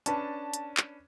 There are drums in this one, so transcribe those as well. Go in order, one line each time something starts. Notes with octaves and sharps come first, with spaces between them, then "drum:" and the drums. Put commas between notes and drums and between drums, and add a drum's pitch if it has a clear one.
C#4 D4 B4 A5, drum: hi-hat
drum: hi-hat
drum: clap